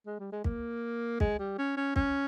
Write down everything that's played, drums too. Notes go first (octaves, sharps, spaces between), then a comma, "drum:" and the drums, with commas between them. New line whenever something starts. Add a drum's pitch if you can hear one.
G#3
G3
G#3
A#3, drum: kick
G#3, drum: kick
G3
C#4
C#4
C#4, drum: kick